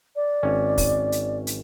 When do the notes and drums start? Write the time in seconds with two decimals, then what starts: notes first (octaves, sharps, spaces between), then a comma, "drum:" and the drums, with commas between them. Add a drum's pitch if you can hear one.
0.16 D5
0.43 G#1 C#4
0.78 drum: kick, open hi-hat
1.12 drum: hi-hat
1.47 drum: hi-hat